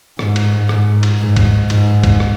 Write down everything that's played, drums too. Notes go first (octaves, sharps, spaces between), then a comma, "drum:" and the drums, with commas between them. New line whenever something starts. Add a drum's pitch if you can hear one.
G#2, drum: rim click
drum: cymbal
G#2, drum: rim click
drum: cymbal
G#2
drum: kick, cymbal
G#2, drum: cymbal
drum: kick, cymbal
drum: rim click